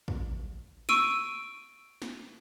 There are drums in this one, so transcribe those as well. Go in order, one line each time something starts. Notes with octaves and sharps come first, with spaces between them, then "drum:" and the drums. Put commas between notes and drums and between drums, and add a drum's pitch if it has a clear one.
drum: kick
C#6 E6 D7 D#7, drum: snare
drum: snare